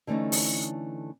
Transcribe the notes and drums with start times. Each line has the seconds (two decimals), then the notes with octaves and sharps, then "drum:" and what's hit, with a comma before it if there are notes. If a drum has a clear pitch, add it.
0.07 D3 E3 A3 C#4 D#4
0.32 drum: open hi-hat